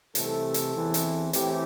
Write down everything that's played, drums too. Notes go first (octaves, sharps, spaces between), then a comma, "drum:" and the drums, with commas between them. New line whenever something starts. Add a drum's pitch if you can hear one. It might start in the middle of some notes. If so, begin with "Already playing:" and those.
C2 C3 E3 A3 A4, drum: hi-hat
drum: hi-hat
E2 E3 C4
drum: hi-hat
A2 E3 C4 G4, drum: hi-hat